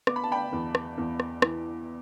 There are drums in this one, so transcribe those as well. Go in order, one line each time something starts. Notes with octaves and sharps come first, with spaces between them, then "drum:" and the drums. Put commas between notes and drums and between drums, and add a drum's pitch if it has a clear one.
B3 D6, drum: rim click
B5
A5
G5 B5
E2
drum: rim click
E2
drum: rim click
E3, drum: rim click